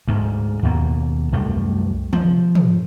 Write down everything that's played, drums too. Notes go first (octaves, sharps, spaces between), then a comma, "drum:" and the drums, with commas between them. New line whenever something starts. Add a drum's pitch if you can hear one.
D2 G#2
D#2 B2 F3 A#3
C2 F#2 G3 A3
F3, drum: tom
drum: tom